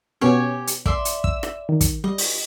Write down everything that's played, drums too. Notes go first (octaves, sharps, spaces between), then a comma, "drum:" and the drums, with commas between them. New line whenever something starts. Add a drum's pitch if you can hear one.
B2 B3 C#4 G4 C#5 G#5
drum: hi-hat
D5 E5 C6, drum: kick
drum: hi-hat
E6, drum: kick
drum: rim click
D#3
drum: kick, hi-hat
G3 D#5
drum: open hi-hat